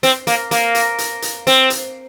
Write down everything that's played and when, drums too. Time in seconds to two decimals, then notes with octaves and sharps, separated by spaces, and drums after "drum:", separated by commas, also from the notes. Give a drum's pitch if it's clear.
0.03 C4, drum: hi-hat
0.27 A#3, drum: hi-hat
0.51 A#3, drum: hi-hat
0.75 drum: hi-hat
0.98 drum: hi-hat
1.22 drum: hi-hat
1.47 C4, drum: hi-hat
1.70 drum: hi-hat